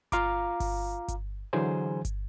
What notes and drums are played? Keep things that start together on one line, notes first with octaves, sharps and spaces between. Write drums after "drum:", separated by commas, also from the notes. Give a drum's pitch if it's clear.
F4 F5 A#5 D6, drum: kick G1, hi-hat
drum: kick G1, open hi-hat
drum: kick G1, hi-hat
D3 E3 F#3 G#4 C5 G#5
drum: kick G1, hi-hat